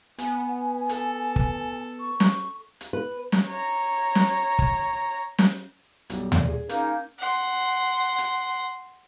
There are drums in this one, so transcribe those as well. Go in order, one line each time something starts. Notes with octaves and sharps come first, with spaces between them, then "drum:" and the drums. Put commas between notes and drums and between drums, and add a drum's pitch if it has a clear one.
B3 G#5, drum: hi-hat
A4, drum: hi-hat
drum: kick
C#6
drum: snare
drum: hi-hat
B4
drum: snare
C#5 A#5
drum: snare
drum: kick
drum: snare
B1 G3, drum: hi-hat
A#2, drum: tom D#2
G#4
A#3 C#4 D#4, drum: hi-hat
F#5 C6
drum: hi-hat